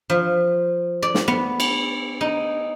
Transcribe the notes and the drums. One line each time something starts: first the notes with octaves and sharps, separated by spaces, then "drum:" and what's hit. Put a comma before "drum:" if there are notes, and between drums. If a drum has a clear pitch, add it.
F3
D5
drum: snare
B3
drum: cymbal
D#4